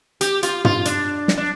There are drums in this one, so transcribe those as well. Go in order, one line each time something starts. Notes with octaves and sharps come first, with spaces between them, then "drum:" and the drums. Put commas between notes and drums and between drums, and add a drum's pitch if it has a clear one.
G4, drum: hi-hat
F4, drum: hi-hat
F4, drum: tom
D4, drum: hi-hat
drum: snare
D4